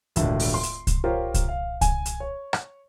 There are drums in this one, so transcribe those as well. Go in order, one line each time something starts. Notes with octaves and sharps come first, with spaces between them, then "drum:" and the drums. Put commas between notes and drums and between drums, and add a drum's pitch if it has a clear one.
E1 C#2 A2 D3, drum: hi-hat
drum: open hi-hat
C6
drum: hi-hat
drum: kick C2, hi-hat
F4 G4 A#4 C5 C#5
drum: kick C2, hi-hat
F5
G#5, drum: kick C2, hi-hat
drum: hi-hat
C#5
drum: rim click